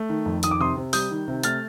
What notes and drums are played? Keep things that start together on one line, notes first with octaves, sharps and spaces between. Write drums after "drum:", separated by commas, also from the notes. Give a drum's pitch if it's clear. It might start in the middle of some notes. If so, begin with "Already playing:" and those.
Already playing: A3
D#3
F2
D#3 D#6, drum: hi-hat
D6
C3 C6 D#6
C3
G3 D#6 G6, drum: open hi-hat
D#3
C3
A3 F6 A6, drum: hi-hat